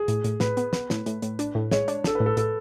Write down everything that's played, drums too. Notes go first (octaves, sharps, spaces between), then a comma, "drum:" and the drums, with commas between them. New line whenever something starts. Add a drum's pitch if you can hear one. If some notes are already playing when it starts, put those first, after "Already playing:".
Already playing: G#4
A2, drum: hi-hat
A2, drum: hi-hat
A2 B4, drum: snare
B3, drum: hi-hat
B3, drum: snare
A2, drum: snare
A2, drum: hi-hat
A2, drum: hi-hat
D4, drum: hi-hat
A2
G#3 C#5, drum: snare
D4, drum: hi-hat
D4 A4, drum: snare
A2 B4
A4
A2 A4, drum: hi-hat